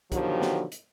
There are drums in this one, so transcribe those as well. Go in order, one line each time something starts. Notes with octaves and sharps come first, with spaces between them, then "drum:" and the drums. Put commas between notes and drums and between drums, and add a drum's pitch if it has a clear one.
B2 D3 D#3 F3 F#3 G4, drum: kick, hi-hat
drum: snare
drum: hi-hat